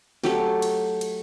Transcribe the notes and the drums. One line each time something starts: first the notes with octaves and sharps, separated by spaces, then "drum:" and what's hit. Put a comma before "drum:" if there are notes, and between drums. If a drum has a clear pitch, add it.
F#3 A3 G4, drum: snare
drum: cymbal
drum: cymbal